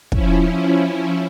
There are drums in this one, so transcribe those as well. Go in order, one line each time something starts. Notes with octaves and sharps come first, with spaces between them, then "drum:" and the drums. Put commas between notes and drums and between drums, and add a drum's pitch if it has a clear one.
F3 C#4 E4, drum: kick